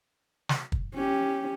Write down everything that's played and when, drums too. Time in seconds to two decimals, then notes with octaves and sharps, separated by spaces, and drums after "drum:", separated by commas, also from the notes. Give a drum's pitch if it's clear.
0.49 drum: snare
0.72 drum: kick
0.95 C#4 G4